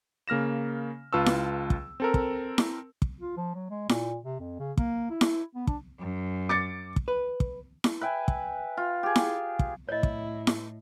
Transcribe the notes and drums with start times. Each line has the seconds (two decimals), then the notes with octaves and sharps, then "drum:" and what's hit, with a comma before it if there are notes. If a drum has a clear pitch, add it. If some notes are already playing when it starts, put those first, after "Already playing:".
0.28 C#3 A#3 F6 A#6 E7
1.13 C#2 F4 B4 A5 C#6 E6
1.26 drum: snare E4
1.70 drum: kick
2.00 C4 A4 A#4
2.14 drum: kick
2.58 drum: snare E4
3.02 drum: kick
3.21 F4
3.37 F3
3.55 F#3
3.70 G#3
3.89 A#2, drum: snare E4
4.25 C3
4.40 F2
4.59 C#3
4.77 A#3, drum: kick
5.10 E4
5.21 drum: snare E4
5.55 B3
5.67 D4, drum: kick
6.00 F#2
6.49 D6 A6 C#7
6.96 drum: kick
7.08 B4
7.40 drum: kick
7.84 drum: snare E4
8.01 B4 E5 G5 G#5
8.28 drum: kick
8.77 F4
9.03 G4 G#4
9.16 drum: snare E4
9.59 drum: kick
9.89 A2 E4 C#5 D#5
10.03 drum: kick
10.47 drum: snare E4